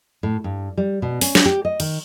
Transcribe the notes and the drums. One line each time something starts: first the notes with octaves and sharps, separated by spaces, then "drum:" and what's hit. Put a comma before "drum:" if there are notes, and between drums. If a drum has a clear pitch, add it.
A2
G2
G3
B2
C#4, drum: open hi-hat
drum: snare
G4
D#5
D#3, drum: cymbal